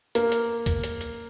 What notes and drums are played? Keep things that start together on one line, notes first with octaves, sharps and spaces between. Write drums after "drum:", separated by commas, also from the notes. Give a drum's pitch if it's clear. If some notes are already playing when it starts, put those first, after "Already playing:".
A#3, drum: hi-hat
drum: hi-hat
drum: kick, hi-hat
drum: hi-hat
drum: hi-hat